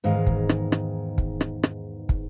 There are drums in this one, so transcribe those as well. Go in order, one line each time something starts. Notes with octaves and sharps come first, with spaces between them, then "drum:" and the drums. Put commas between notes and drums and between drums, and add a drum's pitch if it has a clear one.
E2 G#2 D#3 G#3 F5
drum: kick
drum: rim click
drum: rim click
drum: kick
drum: rim click
drum: rim click
drum: kick